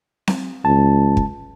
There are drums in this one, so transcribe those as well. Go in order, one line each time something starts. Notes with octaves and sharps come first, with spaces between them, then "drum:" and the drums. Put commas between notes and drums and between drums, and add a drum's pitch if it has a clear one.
drum: snare C4
C#2 A5
drum: kick